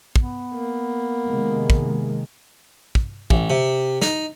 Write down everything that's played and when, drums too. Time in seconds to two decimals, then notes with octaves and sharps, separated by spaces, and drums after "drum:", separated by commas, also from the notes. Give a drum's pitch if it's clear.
0.16 B3, drum: kick
0.54 A#3
1.28 C3 D#3 G#3
1.70 drum: kick
2.95 drum: kick
3.30 A1, drum: kick
3.50 C3
4.02 D#4, drum: snare